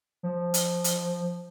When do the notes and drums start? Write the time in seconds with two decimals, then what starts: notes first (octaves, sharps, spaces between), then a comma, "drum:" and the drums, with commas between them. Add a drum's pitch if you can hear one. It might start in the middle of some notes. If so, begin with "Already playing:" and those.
0.23 F3
0.54 drum: hi-hat
0.84 drum: hi-hat